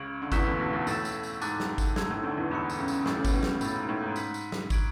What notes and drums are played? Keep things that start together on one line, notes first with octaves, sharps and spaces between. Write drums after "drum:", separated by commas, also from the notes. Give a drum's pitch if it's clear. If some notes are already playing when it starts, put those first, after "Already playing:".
Already playing: C#2 C#3 C#6 G#6 D7 F#7
D3
E2 E3 C#6 F#6 B6 E7, drum: kick, tambourine
D2 D3
B1 B2
B1 B2
A2 E6 A6 E7, drum: tambourine
drum: tambourine
drum: tambourine
G#2 A5 D6 F#6 A6, drum: tambourine
drum: snare
drum: kick, tambourine
G#2 A5 E6 G#6, drum: snare
A2
D2 D3
E2 E3
E2 E3 B5 D6 F#6 C#7 E7
drum: tambourine
C#2 C#3
drum: tambourine
A2 G#5 D6 A6, drum: snare
C#3
B2, drum: kick, tambourine
A2
drum: snare
A2 B5 E6 A6, drum: tambourine
G#2
A2
G#2
F#6 B6 F#7, drum: tambourine
drum: tambourine
drum: snare
C#6 G#6 D7 F#7, drum: kick, tambourine